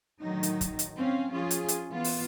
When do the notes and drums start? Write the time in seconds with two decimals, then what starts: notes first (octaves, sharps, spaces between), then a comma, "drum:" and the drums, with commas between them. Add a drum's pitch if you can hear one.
0.21 A2 D3 D#3 F#3 D#4
0.43 drum: hi-hat
0.61 drum: kick, hi-hat
0.79 drum: hi-hat
0.97 C4 C#4 F5
1.32 F3 C#4 F4 G#4
1.51 drum: hi-hat
1.68 drum: hi-hat
1.92 E3 B3 F4
2.04 drum: open hi-hat